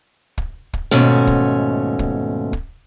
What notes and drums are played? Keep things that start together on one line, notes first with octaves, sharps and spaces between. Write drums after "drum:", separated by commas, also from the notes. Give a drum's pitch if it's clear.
drum: kick
drum: kick
D#2 G#2 B2 A3 C#4
drum: kick
drum: kick
drum: kick